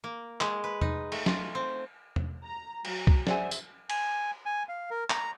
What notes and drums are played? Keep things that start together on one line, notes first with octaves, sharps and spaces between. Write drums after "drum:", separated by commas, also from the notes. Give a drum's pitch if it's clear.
A#3
G#3, drum: clap
B4
D#4, drum: tom E2
A3, drum: cymbal
F4, drum: snare
C4
drum: tom E2
A#5
F#3 A#5, drum: cymbal
drum: kick
G#4 C5 D5 E5 F#5 G#5, drum: snare
drum: tambourine
G#5, drum: cymbal
G#5
F5
A#4
A#5, drum: clap